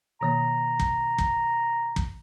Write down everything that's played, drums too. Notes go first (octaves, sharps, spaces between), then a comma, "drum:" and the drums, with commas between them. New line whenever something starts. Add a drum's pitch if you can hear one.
B2 D#3 A#3 A#5
drum: kick
drum: kick
drum: kick